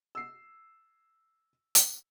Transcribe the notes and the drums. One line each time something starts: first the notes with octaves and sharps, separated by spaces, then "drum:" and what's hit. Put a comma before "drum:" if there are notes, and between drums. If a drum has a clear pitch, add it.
E6 C7
drum: hi-hat